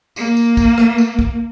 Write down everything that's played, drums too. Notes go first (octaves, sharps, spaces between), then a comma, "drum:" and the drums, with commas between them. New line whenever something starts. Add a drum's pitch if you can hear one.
A#3, drum: tambourine
drum: tambourine
drum: kick, tambourine
drum: rim click
drum: tambourine
drum: kick